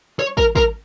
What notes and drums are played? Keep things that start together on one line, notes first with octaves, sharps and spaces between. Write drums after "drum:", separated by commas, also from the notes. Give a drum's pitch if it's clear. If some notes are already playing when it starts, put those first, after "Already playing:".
C#5
A#4, drum: kick
A#4, drum: kick